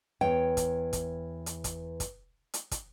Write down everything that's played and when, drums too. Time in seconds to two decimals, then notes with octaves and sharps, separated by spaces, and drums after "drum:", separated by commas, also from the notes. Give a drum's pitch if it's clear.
0.21 E2 C#5 G5
0.57 drum: kick, hi-hat
0.93 drum: kick, hi-hat
1.46 drum: hi-hat
1.64 drum: kick, hi-hat
2.00 drum: kick, hi-hat
2.54 drum: hi-hat
2.71 drum: kick, hi-hat